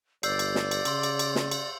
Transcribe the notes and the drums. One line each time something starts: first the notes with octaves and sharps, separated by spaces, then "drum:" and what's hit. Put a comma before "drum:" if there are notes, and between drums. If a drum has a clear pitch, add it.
G1 D5 E6 G6 C7, drum: cymbal
drum: cymbal
drum: snare
drum: cymbal
C#3 C6 E6, drum: cymbal
drum: cymbal
drum: cymbal
drum: snare
drum: cymbal